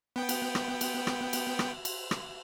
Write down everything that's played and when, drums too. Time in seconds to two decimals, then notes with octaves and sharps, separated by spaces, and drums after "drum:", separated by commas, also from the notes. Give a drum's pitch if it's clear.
0.16 B3 G5
0.29 drum: cymbal
0.55 drum: rim click
0.81 drum: cymbal
1.07 drum: rim click
1.33 drum: cymbal
1.59 drum: rim click
1.85 drum: cymbal
2.11 drum: rim click